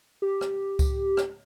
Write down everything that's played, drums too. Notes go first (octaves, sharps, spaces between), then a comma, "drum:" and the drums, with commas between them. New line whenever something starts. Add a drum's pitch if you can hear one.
G4
drum: rim click
drum: kick C#2, tambourine
drum: rim click